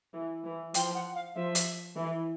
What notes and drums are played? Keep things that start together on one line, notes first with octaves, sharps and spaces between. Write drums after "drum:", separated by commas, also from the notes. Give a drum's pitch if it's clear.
E3
E3
F3 G5, drum: hi-hat
F#5
F5
F3 E5
drum: hi-hat
E3